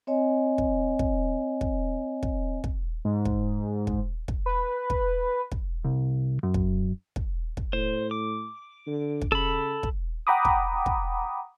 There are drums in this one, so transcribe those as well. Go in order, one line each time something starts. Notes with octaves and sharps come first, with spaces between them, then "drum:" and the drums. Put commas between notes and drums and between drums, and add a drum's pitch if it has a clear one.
C4 C#5 D#5 G#5
drum: kick
drum: kick
drum: kick
drum: kick
drum: kick
G#2
drum: kick
drum: kick
drum: kick
B4
drum: kick
drum: kick
C2
F#2
drum: kick
drum: kick
drum: kick
A2 C5
D6
D3
drum: kick
C#3 A4 B5
drum: kick
F#5 G5 A#5 B5 D6 D#6
drum: kick
drum: kick